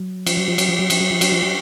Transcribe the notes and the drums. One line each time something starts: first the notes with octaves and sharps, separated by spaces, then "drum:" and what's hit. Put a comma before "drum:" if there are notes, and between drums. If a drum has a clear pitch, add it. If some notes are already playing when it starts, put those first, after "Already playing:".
Already playing: F#3
F3, drum: cymbal
F#3
F3
F#3, drum: cymbal
F3
F#3
F3, drum: cymbal
F#3
F3
F#3, drum: cymbal
F3
F#3